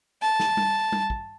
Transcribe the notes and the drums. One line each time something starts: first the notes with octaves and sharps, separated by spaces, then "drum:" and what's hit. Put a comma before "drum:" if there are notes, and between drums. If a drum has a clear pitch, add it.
A5
drum: snare
drum: tom G3
drum: tom G3
drum: kick